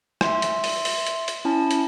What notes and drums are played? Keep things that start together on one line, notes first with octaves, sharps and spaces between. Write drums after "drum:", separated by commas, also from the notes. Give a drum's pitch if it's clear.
E5 C6, drum: rim click
drum: hi-hat
drum: open hi-hat
drum: open hi-hat
drum: hi-hat
drum: hi-hat
C#4 E4 A5
drum: hi-hat